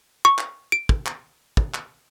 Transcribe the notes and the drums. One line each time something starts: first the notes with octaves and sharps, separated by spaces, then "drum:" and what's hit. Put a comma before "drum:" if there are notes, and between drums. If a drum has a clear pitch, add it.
C#6
drum: clap
D7
drum: kick
drum: clap
drum: kick
drum: clap